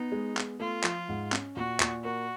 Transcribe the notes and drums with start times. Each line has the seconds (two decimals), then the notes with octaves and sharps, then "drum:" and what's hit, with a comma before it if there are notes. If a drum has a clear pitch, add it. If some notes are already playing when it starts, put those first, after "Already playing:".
Already playing: B3 D#4
0.12 G#3
0.37 B3, drum: clap
0.60 A3 F4
0.84 F3, drum: clap
1.09 G#2
1.32 C#4, drum: clap
1.56 A#2 F#4
1.80 A#2, drum: clap
2.04 A#3 F#4